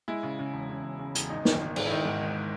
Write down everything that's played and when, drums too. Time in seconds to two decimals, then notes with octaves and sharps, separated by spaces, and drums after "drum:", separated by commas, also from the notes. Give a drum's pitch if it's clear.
0.08 G#3 E4
0.23 C#3
0.39 C#3
0.54 E1
0.70 C#3
0.84 E1
0.99 C#3
1.15 E1, drum: hi-hat
1.29 G#1 D#4
1.45 D#3, drum: snare
1.60 G#1
1.76 G#2, drum: cymbal
1.86 E4
1.91 D#3 D#4
2.05 G#2
2.21 G#1